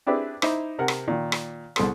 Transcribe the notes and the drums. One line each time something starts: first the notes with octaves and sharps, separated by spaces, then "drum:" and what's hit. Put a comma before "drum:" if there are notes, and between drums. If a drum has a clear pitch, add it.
C4 D4 E4 G4 G#4 B4
D#4 E4 C5 D6, drum: rim click
C3 A#4 F#5
drum: rim click
A#2 D#3
drum: rim click
C2 B3 G#4 A4 C6 D#6, drum: rim click